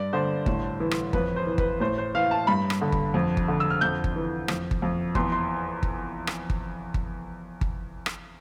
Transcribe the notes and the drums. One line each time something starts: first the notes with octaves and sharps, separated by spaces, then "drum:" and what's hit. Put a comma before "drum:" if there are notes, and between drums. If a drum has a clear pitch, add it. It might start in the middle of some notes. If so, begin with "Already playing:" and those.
Already playing: G2 D5
D3 C5
A2, drum: kick G1
E3
drum: rim click
F2 B4, drum: kick G1
C5
E3
B4, drum: kick G1
A2 C5
C5
E3 F5
A5
G2 B5
drum: rim click
D3
drum: kick G1
F2
drum: kick G1
D3
E6
F6
F2 G6
drum: kick G1
E3
F2, drum: rim click
drum: kick G1
F2
E2 C6, drum: kick G1
C6
drum: kick G1
drum: rim click
drum: kick G1
drum: kick G1
drum: kick G1
drum: rim click